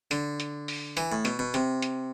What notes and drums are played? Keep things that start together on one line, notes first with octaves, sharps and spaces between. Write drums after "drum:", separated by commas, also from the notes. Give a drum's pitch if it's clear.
D3, drum: hi-hat
drum: hi-hat
drum: open hi-hat
E3, drum: hi-hat
A2
B2, drum: hi-hat
B2
C3, drum: hi-hat
drum: hi-hat